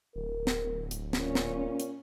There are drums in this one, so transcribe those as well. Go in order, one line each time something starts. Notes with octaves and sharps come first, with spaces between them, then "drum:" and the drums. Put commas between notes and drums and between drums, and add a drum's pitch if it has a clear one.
D1 A#4
drum: snare
drum: hi-hat
A#2 C#4, drum: snare
drum: snare
drum: hi-hat